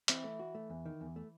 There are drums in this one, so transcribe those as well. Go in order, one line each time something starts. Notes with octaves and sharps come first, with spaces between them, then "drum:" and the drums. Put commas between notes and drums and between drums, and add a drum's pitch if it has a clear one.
E3 C4, drum: hi-hat
A3
F#4
A3
E2
D#3
E2
A3